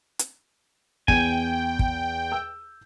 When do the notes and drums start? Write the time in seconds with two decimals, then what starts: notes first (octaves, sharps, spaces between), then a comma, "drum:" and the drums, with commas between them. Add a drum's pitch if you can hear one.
0.19 drum: hi-hat
1.08 E2 G5 G#5, drum: kick
1.79 drum: kick
2.32 E6 G6